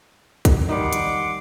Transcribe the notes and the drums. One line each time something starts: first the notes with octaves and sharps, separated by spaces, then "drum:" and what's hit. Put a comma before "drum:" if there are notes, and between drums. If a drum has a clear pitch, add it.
drum: kick, hi-hat
D#3 G3 F#5 C6 D6
drum: hi-hat